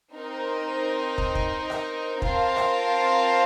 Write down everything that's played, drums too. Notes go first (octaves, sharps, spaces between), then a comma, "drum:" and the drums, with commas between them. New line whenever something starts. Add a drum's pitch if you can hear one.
C4 D#4 A#4
drum: kick
drum: kick
drum: rim click
C4 F4 A#4 F5 A5, drum: kick
drum: rim click